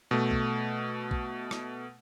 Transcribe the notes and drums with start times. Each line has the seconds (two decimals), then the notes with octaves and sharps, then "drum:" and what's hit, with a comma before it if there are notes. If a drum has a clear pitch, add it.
0.11 B2 A3
0.31 drum: kick A#1
1.11 drum: kick A#1
1.51 drum: rim click